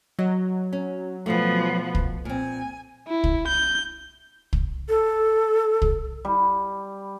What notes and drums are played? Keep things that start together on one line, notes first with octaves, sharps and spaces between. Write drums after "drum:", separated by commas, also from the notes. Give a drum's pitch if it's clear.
F#3 D#5
C#4
E2 B2 F3 A3 B3
drum: kick
A#2 C4 G#5
E4
drum: kick
G6
drum: kick
A4
drum: kick
G3